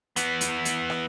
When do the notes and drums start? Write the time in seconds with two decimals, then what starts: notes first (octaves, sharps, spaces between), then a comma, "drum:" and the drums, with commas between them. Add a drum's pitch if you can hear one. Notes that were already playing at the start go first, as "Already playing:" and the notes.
0.16 E3 B3, drum: hi-hat
0.41 drum: hi-hat
0.65 drum: hi-hat
0.90 drum: rim click